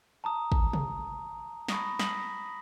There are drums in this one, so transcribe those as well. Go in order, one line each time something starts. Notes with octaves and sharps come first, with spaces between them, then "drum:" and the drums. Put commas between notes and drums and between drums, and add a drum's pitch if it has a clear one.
A5 A#5 D#6
drum: kick
drum: tom C3
B5 C#6 D#6 A#6, drum: snare
D#6 A#6 B6 F#7, drum: snare